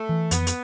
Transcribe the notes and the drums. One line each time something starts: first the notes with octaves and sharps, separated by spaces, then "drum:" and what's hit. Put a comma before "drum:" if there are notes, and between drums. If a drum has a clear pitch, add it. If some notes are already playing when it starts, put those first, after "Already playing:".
Already playing: A3
E3
F2 B3, drum: hi-hat
drum: hi-hat